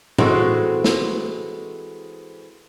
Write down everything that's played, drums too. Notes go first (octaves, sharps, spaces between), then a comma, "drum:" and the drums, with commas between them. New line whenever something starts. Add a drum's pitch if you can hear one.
E3 G#3 C4 F#4 A4, drum: tom A2
drum: snare